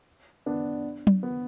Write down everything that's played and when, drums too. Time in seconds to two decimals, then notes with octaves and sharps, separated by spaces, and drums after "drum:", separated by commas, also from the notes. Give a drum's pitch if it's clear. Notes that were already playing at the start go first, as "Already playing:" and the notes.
0.46 B3 D4
1.07 drum: tom F#3
1.23 B3